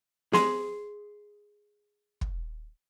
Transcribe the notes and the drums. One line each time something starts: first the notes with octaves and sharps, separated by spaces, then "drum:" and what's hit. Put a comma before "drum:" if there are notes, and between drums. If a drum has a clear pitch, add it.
G#4 C6, drum: snare
drum: kick